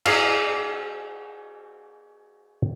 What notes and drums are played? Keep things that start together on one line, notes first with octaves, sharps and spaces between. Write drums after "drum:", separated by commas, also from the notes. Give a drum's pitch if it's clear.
G#4 D5 F5, drum: cymbal